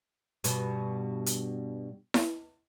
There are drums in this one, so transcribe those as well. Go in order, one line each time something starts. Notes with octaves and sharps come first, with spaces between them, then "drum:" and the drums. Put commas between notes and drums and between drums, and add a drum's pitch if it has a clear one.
G2 B2, drum: hi-hat
drum: hi-hat
drum: snare E4